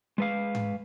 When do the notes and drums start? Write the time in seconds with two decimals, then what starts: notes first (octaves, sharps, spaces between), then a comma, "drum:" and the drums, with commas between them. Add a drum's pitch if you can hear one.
0.18 G#3 B4 F5
0.55 drum: tom G#2